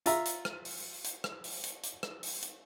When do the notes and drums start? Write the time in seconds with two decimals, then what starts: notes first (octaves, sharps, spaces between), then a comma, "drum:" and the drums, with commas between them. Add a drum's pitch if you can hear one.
0.06 F4 E5 A#5, drum: hi-hat
0.25 drum: hi-hat
0.45 drum: rim click
0.65 drum: open hi-hat
1.04 drum: hi-hat
1.24 drum: rim click
1.44 drum: open hi-hat
1.64 drum: hi-hat
1.83 drum: hi-hat
2.03 drum: rim click
2.23 drum: open hi-hat
2.42 drum: hi-hat